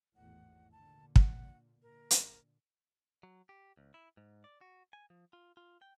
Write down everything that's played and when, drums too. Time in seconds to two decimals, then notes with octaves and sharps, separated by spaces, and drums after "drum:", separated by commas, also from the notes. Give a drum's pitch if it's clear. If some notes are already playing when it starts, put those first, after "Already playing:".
0.16 G#1 E2 A2 F#5
0.72 A#2 D3 A5
1.16 F#5, drum: kick
1.82 A#2 D3 A#4
2.11 drum: hi-hat
3.23 F#3
3.49 G4
3.77 C#2
3.94 E4
4.17 G#2
4.44 D5
4.61 F#4
4.93 G#5
5.10 F3
5.33 F4
5.57 F4
5.82 G5